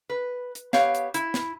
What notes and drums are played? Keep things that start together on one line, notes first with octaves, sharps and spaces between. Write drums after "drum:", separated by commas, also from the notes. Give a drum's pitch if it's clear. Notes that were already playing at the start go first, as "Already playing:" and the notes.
B4
drum: hi-hat
B3 G4 C#5 F5, drum: snare
drum: hi-hat
E4, drum: hi-hat
drum: snare